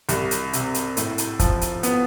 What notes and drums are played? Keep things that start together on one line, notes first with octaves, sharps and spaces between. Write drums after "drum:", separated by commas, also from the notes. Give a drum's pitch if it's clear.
C2, drum: hi-hat
drum: hi-hat
C3, drum: hi-hat
drum: hi-hat
A2, drum: hi-hat
drum: hi-hat
F3, drum: kick, hi-hat
drum: hi-hat
B3, drum: hi-hat